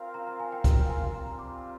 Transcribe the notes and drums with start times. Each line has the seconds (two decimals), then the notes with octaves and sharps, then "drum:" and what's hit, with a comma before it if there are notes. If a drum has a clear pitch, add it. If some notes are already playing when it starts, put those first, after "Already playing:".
Already playing: C4 F4 A#4 F5
0.14 A#5
0.27 A#5
0.40 G#5
0.52 G5
0.64 G5, drum: kick, hi-hat
0.89 G#5
1.13 G3 C4 F4 A#4 F5 A#5
1.39 D6